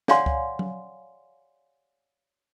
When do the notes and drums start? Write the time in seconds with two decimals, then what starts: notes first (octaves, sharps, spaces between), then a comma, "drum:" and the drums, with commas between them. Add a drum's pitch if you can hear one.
0.08 C#5 D5 F5 F#5 G#5 C6, drum: snare
0.26 drum: kick C#2
0.59 drum: tom F#3